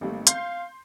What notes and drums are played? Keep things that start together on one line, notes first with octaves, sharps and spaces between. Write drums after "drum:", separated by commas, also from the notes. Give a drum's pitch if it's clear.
G#1 G3 A3 A#3
F5 C6 G6 C7, drum: hi-hat